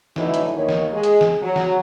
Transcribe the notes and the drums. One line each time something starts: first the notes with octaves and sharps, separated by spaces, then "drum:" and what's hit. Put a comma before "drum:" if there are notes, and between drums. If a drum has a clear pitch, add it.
A2 D3 E3 F#3 D#4 E4, drum: snare
drum: hi-hat
D#2 C#5
drum: snare
G#3 G#4
drum: hi-hat
drum: snare
F#3
drum: snare